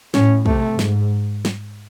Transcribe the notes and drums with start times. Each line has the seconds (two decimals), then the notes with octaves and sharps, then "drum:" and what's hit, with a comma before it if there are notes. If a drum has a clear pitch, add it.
0.14 A2 C#4, drum: snare
0.46 C3 A3, drum: kick
0.79 G#2, drum: snare
1.45 drum: snare